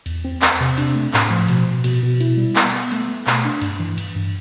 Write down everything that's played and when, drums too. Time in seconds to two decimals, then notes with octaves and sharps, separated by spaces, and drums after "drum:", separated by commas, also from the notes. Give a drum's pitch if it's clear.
0.06 E2, drum: cymbal
0.25 C4
0.42 C4, drum: clap
0.60 C3
0.78 D4, drum: cymbal
0.95 A3
1.14 A2, drum: clap
1.30 F3
1.48 B2, drum: cymbal
1.67 B2
1.84 B2, drum: cymbal
2.03 B2
2.21 E4, drum: cymbal
2.37 G3
2.56 B3, drum: clap
2.73 B3
2.92 A3, drum: cymbal
3.08 A3
3.27 B2, drum: clap
3.45 D4
3.62 G2, drum: cymbal
3.80 E3
3.98 G2, drum: cymbal
4.15 G2